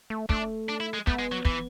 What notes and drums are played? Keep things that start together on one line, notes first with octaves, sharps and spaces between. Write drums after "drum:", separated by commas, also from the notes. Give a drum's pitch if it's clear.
A3
A3 D4, drum: kick
D4
E4
G#3
A3 B3, drum: kick
G#3
F#3
E3, drum: kick